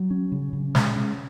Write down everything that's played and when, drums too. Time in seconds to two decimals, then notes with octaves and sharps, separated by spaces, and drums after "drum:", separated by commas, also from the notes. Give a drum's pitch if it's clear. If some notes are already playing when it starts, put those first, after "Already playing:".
Already playing: F#3
0.11 C#4
0.32 C#3
0.53 C#3
0.75 G#3, drum: snare
0.96 C#4